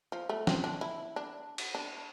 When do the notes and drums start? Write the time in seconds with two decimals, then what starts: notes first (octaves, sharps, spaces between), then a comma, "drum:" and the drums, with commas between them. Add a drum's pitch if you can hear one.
0.12 F3
0.29 A3
0.47 C4, drum: snare
0.64 D4
0.81 E4
1.16 D4
1.58 drum: cymbal
1.75 D4